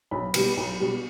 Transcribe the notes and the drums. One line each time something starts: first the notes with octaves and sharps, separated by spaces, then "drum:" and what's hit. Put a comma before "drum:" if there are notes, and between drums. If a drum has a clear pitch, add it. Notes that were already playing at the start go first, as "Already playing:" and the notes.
B1 B5
B2 G3, drum: cymbal
B1
B2 G3